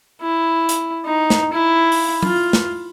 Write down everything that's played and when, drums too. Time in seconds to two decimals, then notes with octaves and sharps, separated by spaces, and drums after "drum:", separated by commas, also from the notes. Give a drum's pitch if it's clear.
0.22 E4
0.69 drum: hi-hat
1.06 D#4
1.30 drum: snare
1.53 E4
1.92 drum: open hi-hat
2.23 F4, drum: tom
2.53 drum: snare